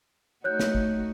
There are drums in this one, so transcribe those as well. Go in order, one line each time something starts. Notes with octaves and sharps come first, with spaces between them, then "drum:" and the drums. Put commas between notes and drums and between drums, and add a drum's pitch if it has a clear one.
A3 D#4 F#4 C#5 F#6 G6
drum: snare
drum: kick